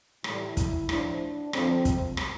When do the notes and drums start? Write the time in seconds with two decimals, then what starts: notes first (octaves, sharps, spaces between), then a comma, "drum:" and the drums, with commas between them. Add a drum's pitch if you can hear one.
0.24 A2 E3 G3 E4, drum: rim click
0.57 drum: kick, hi-hat
0.89 A2 F3 D4, drum: rim click
1.53 F2 D3 F3 C4, drum: rim click
1.85 drum: kick, hi-hat
2.17 drum: rim click